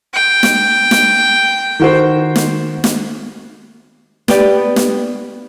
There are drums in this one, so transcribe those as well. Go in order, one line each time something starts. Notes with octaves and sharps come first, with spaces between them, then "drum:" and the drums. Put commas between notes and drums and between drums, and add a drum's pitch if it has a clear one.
G5
drum: snare
drum: snare
D#3 F#4 C5
drum: snare
drum: snare
B3 G4 D5, drum: snare
drum: snare